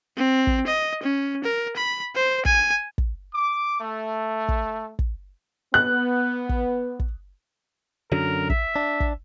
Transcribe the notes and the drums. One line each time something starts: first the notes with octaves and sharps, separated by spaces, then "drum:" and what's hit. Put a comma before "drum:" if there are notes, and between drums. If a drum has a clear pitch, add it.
C4
drum: kick
D#5
C#4
A#4
B5
C5
G#5, drum: kick
drum: kick
D6
A3
drum: kick
drum: kick
B3 F#6
drum: kick
drum: kick
F#2 D3 F#3 A#4
E5, drum: kick
D4
drum: kick